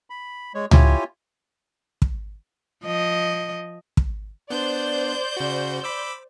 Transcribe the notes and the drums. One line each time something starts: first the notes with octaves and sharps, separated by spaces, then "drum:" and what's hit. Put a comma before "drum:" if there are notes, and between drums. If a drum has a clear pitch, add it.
B5
G#3 C#5
E4 F4 G4 C#5 G#5, drum: tom C#2
drum: kick
F3 D#5
drum: kick
B3 D4 C5 D5 G6
C#3 F#4
B5 D6 E6